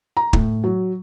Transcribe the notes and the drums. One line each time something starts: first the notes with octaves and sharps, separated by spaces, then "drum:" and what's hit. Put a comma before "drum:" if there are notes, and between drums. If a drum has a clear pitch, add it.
A#5
A2, drum: kick
F#3